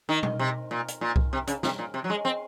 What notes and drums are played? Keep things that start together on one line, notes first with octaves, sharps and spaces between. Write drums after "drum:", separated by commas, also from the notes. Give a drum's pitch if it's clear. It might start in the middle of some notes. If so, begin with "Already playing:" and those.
D#3
drum: tom B2
C3
A#2
drum: hi-hat
A#2
drum: kick C2
C3
C#3, drum: hi-hat
C3, drum: snare
A#2
C3
F#3
G#3
C4